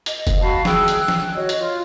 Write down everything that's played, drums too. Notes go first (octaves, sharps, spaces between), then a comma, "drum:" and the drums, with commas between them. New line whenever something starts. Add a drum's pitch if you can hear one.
D#5, drum: hi-hat
drum: kick F1, hi-hat
F#4 F5 A5 B5
G#4 G5 E6 F#6, drum: snare
drum: hi-hat
F#6
drum: snare
F#4 C#5 D#5
drum: hi-hat
F4